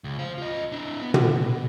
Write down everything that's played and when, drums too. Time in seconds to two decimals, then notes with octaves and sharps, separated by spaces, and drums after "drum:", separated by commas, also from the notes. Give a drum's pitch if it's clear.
0.04 C#2
0.19 C5 F5
0.38 F4 D#5
0.72 D4 E4
1.02 B3
1.14 B2, drum: tom